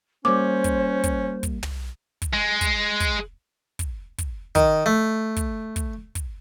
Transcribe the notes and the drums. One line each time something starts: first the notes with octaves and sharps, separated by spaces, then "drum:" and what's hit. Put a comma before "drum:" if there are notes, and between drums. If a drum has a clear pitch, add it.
G3 A#3 C#4 C5 D6
drum: kick, hi-hat
drum: kick, hi-hat
drum: kick, hi-hat
drum: tom
drum: kick, hi-hat
G#3
drum: kick, hi-hat
drum: kick, hi-hat
drum: kick, hi-hat
drum: kick, hi-hat
D#3, drum: kick, hi-hat
A3
drum: kick, hi-hat
drum: kick, hi-hat
drum: kick, hi-hat